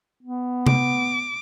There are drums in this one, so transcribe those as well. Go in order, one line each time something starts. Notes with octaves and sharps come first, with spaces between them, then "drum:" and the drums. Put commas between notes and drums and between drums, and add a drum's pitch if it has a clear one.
B3
D6, drum: tom C3